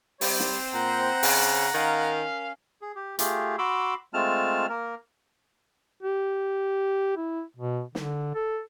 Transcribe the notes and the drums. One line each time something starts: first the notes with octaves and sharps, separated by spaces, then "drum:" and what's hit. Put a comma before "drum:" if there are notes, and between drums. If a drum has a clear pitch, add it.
G3 C4 C5, drum: open hi-hat
drum: snare
A#2 F#5 A#5
C#3, drum: open hi-hat
D#3 C#4 A#4 F5
G#4
G4
A3 F4 G4 G#4, drum: hi-hat
F#4 B5 C6 D6 E6
G#3 A3 C4 F4 A5 F6
A#3 A#4
G4
E4
B2
D3, drum: snare
A4